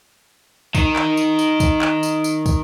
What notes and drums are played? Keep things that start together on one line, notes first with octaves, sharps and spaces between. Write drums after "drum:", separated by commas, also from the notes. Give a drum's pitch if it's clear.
D#3 D#4, drum: kick, tambourine
drum: clap
drum: tambourine
drum: tambourine
drum: kick, tambourine
drum: clap
drum: tambourine
drum: tambourine
drum: kick, tambourine